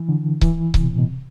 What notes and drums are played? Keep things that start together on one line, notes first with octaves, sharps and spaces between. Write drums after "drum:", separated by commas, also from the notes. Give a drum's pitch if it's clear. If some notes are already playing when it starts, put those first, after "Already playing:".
Already playing: E3
D3
E3, drum: kick C#1
C3, drum: kick C#1
B2
A2
B2
C3